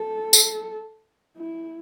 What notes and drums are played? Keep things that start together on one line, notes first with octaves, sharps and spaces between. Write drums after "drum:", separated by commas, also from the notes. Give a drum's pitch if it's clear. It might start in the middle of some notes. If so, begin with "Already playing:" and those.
Already playing: A4
drum: tambourine
E4